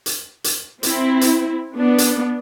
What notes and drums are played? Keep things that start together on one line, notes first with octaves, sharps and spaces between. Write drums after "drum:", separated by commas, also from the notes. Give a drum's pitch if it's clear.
drum: hi-hat
drum: hi-hat
C4 E4, drum: hi-hat
drum: hi-hat
B3 D4
drum: hi-hat